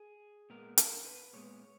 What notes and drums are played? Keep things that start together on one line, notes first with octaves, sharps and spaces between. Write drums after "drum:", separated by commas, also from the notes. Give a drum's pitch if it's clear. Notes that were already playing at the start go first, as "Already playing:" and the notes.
Already playing: G#4
A#2 G#3 B3 A#4
A#4, drum: hi-hat
B4
A#2 G#3 B3 C#5